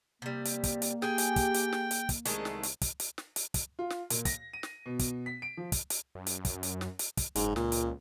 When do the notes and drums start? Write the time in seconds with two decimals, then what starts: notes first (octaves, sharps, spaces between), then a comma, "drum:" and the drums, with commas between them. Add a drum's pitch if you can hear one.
0.22 C3 G3 A#3
0.45 drum: hi-hat
0.64 drum: kick, hi-hat
0.82 drum: hi-hat
1.02 G4 G#4 G5 G#5, drum: snare
1.18 drum: hi-hat
1.36 drum: kick, hi-hat
1.54 drum: hi-hat
1.73 drum: snare
1.91 drum: hi-hat
2.09 drum: kick, hi-hat
2.25 C2 D#3 G#3 A3, drum: hi-hat
2.45 drum: snare
2.63 drum: hi-hat
2.81 drum: kick, hi-hat
3.00 drum: hi-hat
3.18 drum: snare
3.36 drum: hi-hat
3.54 drum: kick, hi-hat
3.79 F4
3.90 drum: snare
4.10 A#2, drum: hi-hat
4.25 A#6, drum: kick, hi-hat
4.53 D#7
4.63 drum: snare
4.86 B2
4.99 drum: kick, hi-hat
5.26 B6
5.42 D7
5.57 F3
5.72 drum: kick, hi-hat
5.90 drum: hi-hat
6.15 F#2
6.27 drum: hi-hat
6.45 drum: kick, hi-hat
6.63 drum: hi-hat
6.81 drum: snare
6.99 drum: hi-hat
7.17 drum: kick, hi-hat
7.35 F#1 G#2, drum: hi-hat
7.56 C#2 A#2, drum: snare
7.72 drum: hi-hat